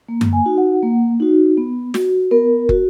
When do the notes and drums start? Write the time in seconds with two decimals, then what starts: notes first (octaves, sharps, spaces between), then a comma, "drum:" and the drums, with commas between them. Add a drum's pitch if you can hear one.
0.09 A#3
0.21 drum: tom F#2
0.33 G#5
0.46 D#4 F#4
0.58 F#5
0.83 A#3
1.20 D#4 F#4
1.57 B3
1.94 F#4, drum: snare
2.31 B3 A#4
2.69 F#4, drum: kick